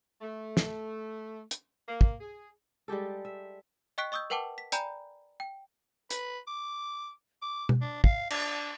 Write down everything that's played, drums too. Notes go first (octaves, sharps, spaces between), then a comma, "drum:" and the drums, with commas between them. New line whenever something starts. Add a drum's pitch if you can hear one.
A3
drum: snare
drum: hi-hat
A#3
drum: kick
G#4
G3 G#3 G4 A4
E5
D#5 G5 C#6 F#6 B6 D7
D#5 C#6 D#6 E6 G6
A#4 B4 F#5 G5 A5 D6
B6
D5 G5 G#5 A#5 B5 G6, drum: hi-hat
G5
B4, drum: hi-hat
D6
D6
drum: tom B2
D4
F5, drum: kick
D4, drum: cymbal